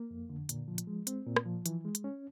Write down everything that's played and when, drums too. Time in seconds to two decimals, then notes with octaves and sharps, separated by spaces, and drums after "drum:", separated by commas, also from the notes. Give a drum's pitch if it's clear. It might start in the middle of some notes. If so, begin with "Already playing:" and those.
Already playing: A#3
0.11 F2
0.29 D3
0.49 A#2, drum: hi-hat
0.68 F3
0.78 drum: hi-hat
0.87 G#3
1.07 C4, drum: hi-hat
1.27 A#2
1.36 drum: rim click
1.46 F3
1.66 E3, drum: hi-hat
1.85 G#3
1.95 drum: hi-hat
2.04 C#4